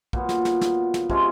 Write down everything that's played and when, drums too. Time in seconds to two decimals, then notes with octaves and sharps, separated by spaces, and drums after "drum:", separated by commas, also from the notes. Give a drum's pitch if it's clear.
0.13 A#2 F#3 B3, drum: kick
0.29 drum: snare
0.45 drum: snare
0.61 drum: snare
0.94 drum: snare
1.10 C3 F3 G#3 C#4, drum: kick